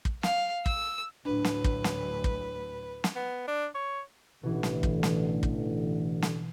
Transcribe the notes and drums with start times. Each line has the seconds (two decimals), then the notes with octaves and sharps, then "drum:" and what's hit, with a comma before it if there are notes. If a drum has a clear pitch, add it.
0.05 drum: kick
0.23 F5, drum: snare
0.66 E6, drum: kick
1.25 D2 A2 F#3 D4 B4
1.44 drum: snare
1.64 drum: kick
1.84 drum: snare
2.24 drum: kick
3.04 drum: snare
3.15 B3
3.48 D4
3.75 C#5
4.43 A1 B2 D3 E3
4.63 drum: snare
4.83 drum: kick
5.03 drum: snare
5.43 drum: kick
6.22 drum: snare